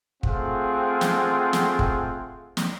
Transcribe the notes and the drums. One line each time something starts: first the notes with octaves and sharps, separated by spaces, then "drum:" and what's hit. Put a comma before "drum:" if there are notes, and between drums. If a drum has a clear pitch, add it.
A3 C4 F4 G#4 F#5, drum: kick
drum: snare
drum: snare
drum: kick
drum: snare